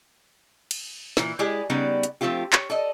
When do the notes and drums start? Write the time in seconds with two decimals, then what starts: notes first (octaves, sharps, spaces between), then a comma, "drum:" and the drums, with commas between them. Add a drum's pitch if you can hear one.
0.71 drum: cymbal
1.17 A#2 E3, drum: snare
1.39 G#3 E4 G4 G#4 D5 G#5
1.70 C#3 G3 B3 D#4 D5
2.03 drum: hi-hat
2.21 F3 A3 C4 F4 G4
2.53 C#5, drum: clap
2.70 A4 D5 D#5